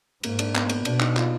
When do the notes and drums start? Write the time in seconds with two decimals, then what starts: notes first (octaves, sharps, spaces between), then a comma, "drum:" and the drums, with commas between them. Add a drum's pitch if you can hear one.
0.23 G#2 A#3, drum: cymbal
0.39 D4, drum: cymbal
0.55 B3, drum: clap
0.69 B3, drum: cymbal
0.85 B2 D4, drum: cymbal
1.00 D#4, drum: clap
1.16 F4, drum: clap